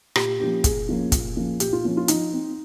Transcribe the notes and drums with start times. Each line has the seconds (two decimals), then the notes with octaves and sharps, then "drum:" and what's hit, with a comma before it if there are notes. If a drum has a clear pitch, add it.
0.16 A#2 G4, drum: rim click
0.40 F3 A#3 C#4 G4
0.64 A#2 G#4, drum: kick, hi-hat
0.89 F3 A#3 C#4
1.12 A#2, drum: kick, hi-hat
1.36 F3 A#3 C#4
1.60 A#2 G4, drum: hi-hat
1.73 F4
1.84 F3 A#3 C#4
1.97 F4
2.08 F3 D#4, drum: hi-hat
2.33 C4